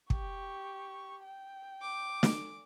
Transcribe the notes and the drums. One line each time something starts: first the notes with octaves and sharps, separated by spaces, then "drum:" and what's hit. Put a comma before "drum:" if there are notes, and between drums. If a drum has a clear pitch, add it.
G4 C#6, drum: kick
G5
D6
drum: snare